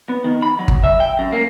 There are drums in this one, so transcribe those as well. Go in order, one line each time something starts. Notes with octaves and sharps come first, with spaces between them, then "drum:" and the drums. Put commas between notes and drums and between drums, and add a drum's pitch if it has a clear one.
B3
D#3
B5
F#3
drum: kick
E5
G5
F#2
A#3